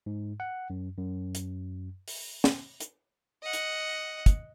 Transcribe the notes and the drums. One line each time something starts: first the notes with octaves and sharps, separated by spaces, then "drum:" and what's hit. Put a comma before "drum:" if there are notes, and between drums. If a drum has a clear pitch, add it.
G#2
F#5
F#2
F#2
drum: hi-hat
drum: open hi-hat
drum: snare
drum: hi-hat
D#5 F#5
drum: hi-hat
drum: kick, hi-hat